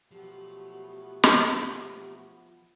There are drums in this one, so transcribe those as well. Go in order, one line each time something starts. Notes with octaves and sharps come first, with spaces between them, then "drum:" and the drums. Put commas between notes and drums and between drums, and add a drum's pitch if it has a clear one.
B2 F3 F#3 A3 B3 G4
drum: snare